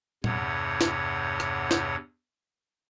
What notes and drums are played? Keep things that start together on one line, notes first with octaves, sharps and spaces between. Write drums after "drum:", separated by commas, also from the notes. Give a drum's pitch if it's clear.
E2 G2 C3 C#5 F#5, drum: tom A#2
drum: snare
drum: rim click
drum: snare